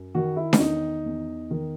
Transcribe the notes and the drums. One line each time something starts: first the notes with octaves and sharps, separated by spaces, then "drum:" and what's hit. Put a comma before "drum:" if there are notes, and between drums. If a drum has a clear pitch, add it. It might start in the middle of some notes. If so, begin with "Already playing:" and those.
Already playing: F#2
D#3 F#4
E4
C#4, drum: snare D4
E2 D#4
E2
D#3